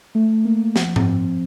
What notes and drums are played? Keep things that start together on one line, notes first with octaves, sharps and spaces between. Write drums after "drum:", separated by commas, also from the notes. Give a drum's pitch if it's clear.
A3
A#3
F3, drum: snare
C4, drum: tom G#2